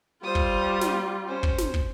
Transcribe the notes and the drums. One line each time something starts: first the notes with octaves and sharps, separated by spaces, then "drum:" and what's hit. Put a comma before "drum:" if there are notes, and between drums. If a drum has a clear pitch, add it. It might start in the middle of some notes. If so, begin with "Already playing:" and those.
G3 F4 C5 D#6
drum: kick
drum: snare
C#4 C5
drum: kick
drum: snare
drum: kick